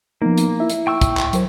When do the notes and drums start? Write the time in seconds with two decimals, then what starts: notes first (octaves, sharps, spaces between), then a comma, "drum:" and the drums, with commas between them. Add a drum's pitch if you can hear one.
0.22 F3 A#3 B3 D#4
0.38 drum: hi-hat
0.60 E4 E5
0.70 drum: hi-hat
0.87 G5 C#6 E6
1.01 drum: kick, hi-hat
1.17 drum: clap
1.33 F#3 A#4 C5, drum: hi-hat